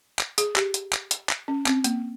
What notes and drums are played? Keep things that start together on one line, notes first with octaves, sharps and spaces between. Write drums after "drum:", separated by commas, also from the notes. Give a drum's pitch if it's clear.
drum: clap
G#4, drum: hi-hat
G4, drum: clap
drum: hi-hat
drum: clap
drum: hi-hat
drum: clap
C#4
C4, drum: clap
A#3, drum: hi-hat